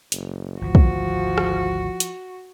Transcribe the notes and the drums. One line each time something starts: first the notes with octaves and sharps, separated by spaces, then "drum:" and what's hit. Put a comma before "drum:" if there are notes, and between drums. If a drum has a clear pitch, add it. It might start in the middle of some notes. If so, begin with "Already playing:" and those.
F#1, drum: hi-hat
G#1 D2 F3 F#4
drum: kick
drum: rim click
drum: hi-hat